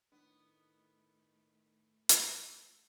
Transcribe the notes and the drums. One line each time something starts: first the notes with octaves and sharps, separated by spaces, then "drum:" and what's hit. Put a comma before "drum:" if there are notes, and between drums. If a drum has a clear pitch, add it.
A2 D#3 A3 B3 D4
drum: hi-hat